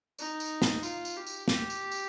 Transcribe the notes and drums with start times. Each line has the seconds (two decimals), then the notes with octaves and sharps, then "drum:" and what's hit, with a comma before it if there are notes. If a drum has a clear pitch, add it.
0.19 D#4, drum: tambourine
0.40 drum: tambourine
0.62 drum: snare
0.83 F4, drum: tambourine
1.05 drum: tambourine
1.16 G4
1.27 drum: tambourine
1.48 G4, drum: snare
1.70 drum: tambourine
1.92 drum: tambourine